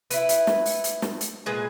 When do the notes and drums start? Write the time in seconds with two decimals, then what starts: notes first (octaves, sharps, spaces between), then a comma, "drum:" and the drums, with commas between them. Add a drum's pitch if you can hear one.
0.10 E4 B4, drum: hi-hat
0.29 drum: hi-hat
0.47 drum: snare
0.66 drum: open hi-hat
0.84 drum: hi-hat
1.02 drum: snare
1.21 drum: hi-hat
1.46 A#2 G#3 G#4 B4